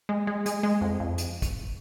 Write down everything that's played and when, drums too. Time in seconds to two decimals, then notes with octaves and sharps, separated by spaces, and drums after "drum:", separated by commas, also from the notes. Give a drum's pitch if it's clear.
0.09 G#3
0.27 G#3
0.46 G#3, drum: hi-hat
0.63 G#3
0.81 F2
1.00 F2
1.18 drum: hi-hat
1.42 drum: kick, hi-hat